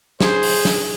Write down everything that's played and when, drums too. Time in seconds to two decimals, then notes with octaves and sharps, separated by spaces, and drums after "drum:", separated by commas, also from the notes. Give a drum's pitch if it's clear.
0.21 G#4 C5, drum: snare
0.43 drum: open hi-hat
0.65 drum: snare